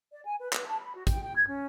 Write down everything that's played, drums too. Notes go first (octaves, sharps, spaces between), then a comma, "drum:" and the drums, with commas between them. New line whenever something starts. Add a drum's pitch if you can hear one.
D5
G#5
B4
B4, drum: clap
A5
B5
F#4
G5, drum: kick, hi-hat
G5
G#6
C#4